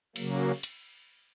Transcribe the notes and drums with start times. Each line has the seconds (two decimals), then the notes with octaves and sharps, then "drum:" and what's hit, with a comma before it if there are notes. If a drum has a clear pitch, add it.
0.16 C#3 F#3 A#3, drum: cymbal
0.63 drum: hi-hat